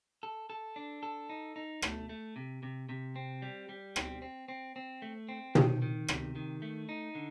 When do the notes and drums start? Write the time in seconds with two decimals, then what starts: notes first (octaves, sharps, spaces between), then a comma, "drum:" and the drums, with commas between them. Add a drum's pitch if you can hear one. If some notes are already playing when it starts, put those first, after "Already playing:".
0.23 A4
0.50 A4
0.76 D4
1.03 A4
1.29 D#4
1.56 D#4
1.82 A3, drum: rim click
2.09 A3
2.36 C3
2.63 C3
2.89 C3
3.16 C4
3.42 G3
3.69 G3
3.96 C4, drum: rim click
4.22 C4
4.48 C4
4.76 C4
5.02 A3
5.29 C4
5.55 D#3, drum: tom
5.82 D#3
6.08 C3, drum: rim click
6.36 D#3
6.62 A3
6.89 D#4
7.15 D3